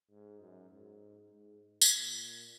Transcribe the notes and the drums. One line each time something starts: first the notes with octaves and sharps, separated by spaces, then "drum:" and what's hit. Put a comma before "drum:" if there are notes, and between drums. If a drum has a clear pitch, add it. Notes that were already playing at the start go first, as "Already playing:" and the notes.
G#2
F#2
G#2
G#2
drum: tambourine
A#2